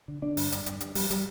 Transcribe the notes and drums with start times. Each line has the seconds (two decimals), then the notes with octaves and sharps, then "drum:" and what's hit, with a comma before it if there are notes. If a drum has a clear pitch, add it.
0.08 D3
0.22 D3 D4
0.37 G2, drum: open hi-hat
0.52 G2, drum: hi-hat
0.66 G2, drum: hi-hat
0.80 G2, drum: hi-hat
0.95 G2 G3, drum: open hi-hat
1.10 G3, drum: hi-hat